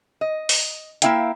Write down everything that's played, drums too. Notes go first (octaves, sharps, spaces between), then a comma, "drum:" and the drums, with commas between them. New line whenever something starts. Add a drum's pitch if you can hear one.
D#5
drum: open hi-hat
A#3 C#4 E4 E5 F5 G5, drum: hi-hat